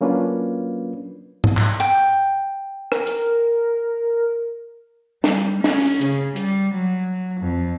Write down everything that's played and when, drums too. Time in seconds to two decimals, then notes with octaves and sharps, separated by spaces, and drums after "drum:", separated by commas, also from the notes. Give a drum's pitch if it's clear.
0.01 F#3 A#3 C#4 D4 F4 B4
1.44 drum: tom G#2
1.57 drum: clap
1.80 G5
2.92 A#4, drum: rim click
3.07 drum: hi-hat
5.24 G3, drum: snare
5.64 C#4, drum: snare
5.80 drum: open hi-hat
6.01 C#3, drum: hi-hat
6.36 G3, drum: hi-hat
6.75 F#3
7.42 F2